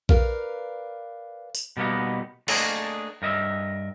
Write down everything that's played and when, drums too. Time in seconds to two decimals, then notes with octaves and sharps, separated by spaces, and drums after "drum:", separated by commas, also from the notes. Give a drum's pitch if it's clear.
0.09 A#4 B4 D5 F5, drum: kick A#1
1.55 drum: tambourine
1.77 B2 G3 A#3 B3 D#4
2.48 A3 A#3 D4 G#4 A#4 D#5, drum: cymbal
3.22 G2 A#4 D#5 E5